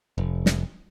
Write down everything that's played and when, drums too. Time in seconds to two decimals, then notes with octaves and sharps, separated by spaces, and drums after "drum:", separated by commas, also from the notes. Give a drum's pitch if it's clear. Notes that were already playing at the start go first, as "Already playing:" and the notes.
0.18 F1
0.46 drum: snare